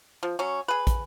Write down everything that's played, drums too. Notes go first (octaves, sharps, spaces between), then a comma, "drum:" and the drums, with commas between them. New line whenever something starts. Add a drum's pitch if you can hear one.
F3
F#3 C#4
G#4 B4
drum: kick, hi-hat